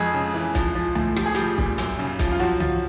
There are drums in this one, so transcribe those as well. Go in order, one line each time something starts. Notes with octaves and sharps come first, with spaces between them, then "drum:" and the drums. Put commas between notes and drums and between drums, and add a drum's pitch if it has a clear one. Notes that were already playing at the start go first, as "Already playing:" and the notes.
Already playing: F2 G#3 G#4
C#3
E3
F3, drum: kick, hi-hat
F3
A2, drum: tom C2
F3 G4, drum: rim click
G#4
F3 G3 G4, drum: hi-hat
A#2, drum: kick
F#2, drum: hi-hat
C#3
F3, drum: kick, hi-hat
F4
F3 F#3 F#4
F3, drum: tom C2